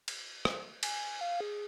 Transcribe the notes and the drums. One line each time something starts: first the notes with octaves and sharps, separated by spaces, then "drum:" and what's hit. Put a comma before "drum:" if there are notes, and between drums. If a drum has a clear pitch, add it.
drum: cymbal
drum: rim click
G#5, drum: cymbal
F5
G#4